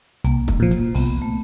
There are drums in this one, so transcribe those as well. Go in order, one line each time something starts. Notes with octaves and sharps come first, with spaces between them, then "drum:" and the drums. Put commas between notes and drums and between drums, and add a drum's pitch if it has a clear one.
C2 A#3, drum: hi-hat
drum: kick, hi-hat
A#2 F3
drum: hi-hat
C2 B3, drum: open hi-hat
A3